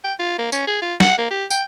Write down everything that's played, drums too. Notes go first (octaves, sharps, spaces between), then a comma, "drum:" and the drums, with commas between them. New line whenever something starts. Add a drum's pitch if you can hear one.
G5
F4
A#3
C#4, drum: tambourine
G#4
F4
F#5, drum: snare
A#3
G4
G5, drum: tambourine